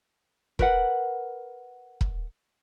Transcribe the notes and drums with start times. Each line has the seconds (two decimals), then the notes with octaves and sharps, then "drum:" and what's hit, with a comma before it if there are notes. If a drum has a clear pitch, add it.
0.59 A#4 B4 F#5, drum: kick
2.01 drum: kick